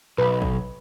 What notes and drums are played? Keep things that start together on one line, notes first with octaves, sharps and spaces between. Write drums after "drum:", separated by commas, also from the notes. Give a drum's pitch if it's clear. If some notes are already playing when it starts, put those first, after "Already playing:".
B1 B4 B5
drum: kick